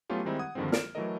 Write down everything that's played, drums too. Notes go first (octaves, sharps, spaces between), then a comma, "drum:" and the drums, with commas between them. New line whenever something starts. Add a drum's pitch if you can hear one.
F#3 A3 B3 C#4 F4 G4
D#3 G3 G#3 C4 D#4 E4
F#5 D#6 G#6
G2 D3 D#3 F3 G#3 C4
F6 D7 E7, drum: snare
E3 F#3 A3 A4 A#4 D#5